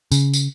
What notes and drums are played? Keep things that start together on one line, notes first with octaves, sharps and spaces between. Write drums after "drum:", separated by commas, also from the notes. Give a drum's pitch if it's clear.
C#3, drum: tambourine
drum: tambourine